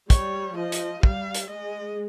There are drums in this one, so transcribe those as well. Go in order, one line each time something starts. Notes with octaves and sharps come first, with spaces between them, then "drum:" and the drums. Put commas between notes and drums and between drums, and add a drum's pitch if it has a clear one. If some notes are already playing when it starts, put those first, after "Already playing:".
G3 C#5, drum: kick, hi-hat
F3 D#5
drum: hi-hat
G3 F5, drum: kick
drum: hi-hat
G#3 D#5